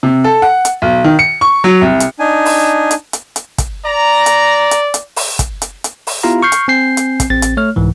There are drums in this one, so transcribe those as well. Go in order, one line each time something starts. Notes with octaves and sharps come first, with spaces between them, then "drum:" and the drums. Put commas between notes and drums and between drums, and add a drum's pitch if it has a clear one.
C3
A4
F#5
drum: hi-hat
B1
D#3
C#7
C#6
F#3
C2
drum: hi-hat
D4 D#4 G#5
drum: open hi-hat
drum: hi-hat
drum: hi-hat
drum: hi-hat
drum: kick, hi-hat
D5 A#5
drum: hi-hat
drum: hi-hat
drum: hi-hat
drum: open hi-hat
drum: kick, hi-hat
drum: hi-hat
drum: hi-hat
drum: open hi-hat
B3 E4 F4 G4 F5 A#5
C#6 F6 G6 C7
drum: hi-hat
C4 G#5 G6 C7
drum: hi-hat
drum: kick, hi-hat
A1 C4 A6
drum: hi-hat
A3 C#5 F6
C2 G#2 E3